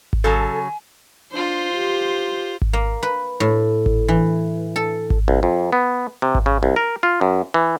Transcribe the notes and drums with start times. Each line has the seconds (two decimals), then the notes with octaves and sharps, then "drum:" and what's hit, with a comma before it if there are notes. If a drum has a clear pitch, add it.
0.13 drum: kick G#1
0.24 C#3 F#3 A4 G#5
1.32 D4 F4 C5
1.74 G4
2.62 drum: kick G#1
2.73 A#3
3.03 B4
3.40 A2
3.86 drum: kick G#1
4.08 E3
4.76 A4
5.10 drum: kick G#1
5.28 C2
5.43 F2
5.73 B3
6.22 C3
6.35 drum: kick G#1
6.46 C#3
6.63 C2
6.76 A#4
7.03 F4
7.21 F#2
7.54 E3